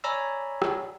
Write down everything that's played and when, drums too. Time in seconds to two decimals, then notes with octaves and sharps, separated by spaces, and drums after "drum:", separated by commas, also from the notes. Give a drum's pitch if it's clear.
0.04 C#5 D5 G#5 A#5 B5 E6
0.62 drum: rim click